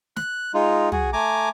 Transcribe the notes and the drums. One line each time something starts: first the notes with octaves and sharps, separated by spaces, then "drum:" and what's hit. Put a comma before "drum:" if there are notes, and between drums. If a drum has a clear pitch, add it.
F#6, drum: snare
G#3 D#4 F4
F#4 G#4, drum: tom
A3 G#5 A#5 D6